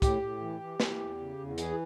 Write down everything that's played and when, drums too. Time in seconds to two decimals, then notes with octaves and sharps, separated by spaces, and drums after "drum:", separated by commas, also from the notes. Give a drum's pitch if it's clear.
0.02 A2 G4, drum: kick, hi-hat
0.22 A2
0.41 E3
0.60 E3
0.80 E3, drum: snare
1.00 E2
1.19 C#3
1.39 E2
1.58 E3 G#4, drum: hi-hat